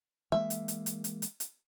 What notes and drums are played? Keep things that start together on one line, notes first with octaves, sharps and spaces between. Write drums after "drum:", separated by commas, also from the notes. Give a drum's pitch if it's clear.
E3 G#3 A#3 E5
drum: hi-hat
drum: hi-hat
drum: hi-hat
drum: hi-hat
drum: hi-hat
drum: hi-hat